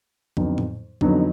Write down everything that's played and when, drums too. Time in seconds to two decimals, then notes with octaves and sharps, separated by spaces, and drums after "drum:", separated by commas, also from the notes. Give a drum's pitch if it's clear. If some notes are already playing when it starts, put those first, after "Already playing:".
0.37 F2 D3 F#3 B3 D#4, drum: kick
0.58 drum: tom A2
1.01 F2 D3 F#3 B3 D#4, drum: kick